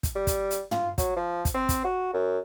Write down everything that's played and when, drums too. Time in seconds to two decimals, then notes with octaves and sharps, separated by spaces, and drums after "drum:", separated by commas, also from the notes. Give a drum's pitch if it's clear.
0.03 drum: kick, hi-hat
0.15 G3
0.27 drum: kick, hi-hat
0.51 drum: hi-hat
0.71 F4, drum: tom
0.98 F#3, drum: kick, hi-hat
1.17 F3
1.45 drum: kick, hi-hat
1.54 C4
1.69 drum: kick, hi-hat
1.85 F#4
2.13 F#2